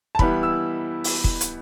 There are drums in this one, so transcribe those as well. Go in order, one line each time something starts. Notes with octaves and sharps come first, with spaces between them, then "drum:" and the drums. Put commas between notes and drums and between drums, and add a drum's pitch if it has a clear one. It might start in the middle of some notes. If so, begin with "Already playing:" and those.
A5
E3 G3 B3 E4 B5, drum: kick
E6
drum: open hi-hat
drum: kick
drum: hi-hat